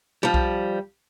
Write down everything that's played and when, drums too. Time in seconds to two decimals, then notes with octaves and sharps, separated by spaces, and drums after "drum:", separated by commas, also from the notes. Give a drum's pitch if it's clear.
0.23 F3 G3
0.34 drum: kick B1